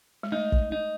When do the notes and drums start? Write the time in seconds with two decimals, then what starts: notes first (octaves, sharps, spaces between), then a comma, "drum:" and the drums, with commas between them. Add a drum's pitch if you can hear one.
0.23 G#3
0.32 A3 D#4
0.52 drum: kick
0.72 D#4